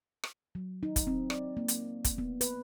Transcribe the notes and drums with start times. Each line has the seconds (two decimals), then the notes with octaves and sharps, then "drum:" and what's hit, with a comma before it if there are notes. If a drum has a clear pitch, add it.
0.24 drum: rim click
0.55 F#3
0.83 D#4
0.96 drum: kick, hi-hat
1.07 C4
1.30 D5, drum: rim click
1.57 A#3
1.68 drum: hi-hat
2.04 drum: kick, hi-hat
2.18 B3
2.41 B4, drum: hi-hat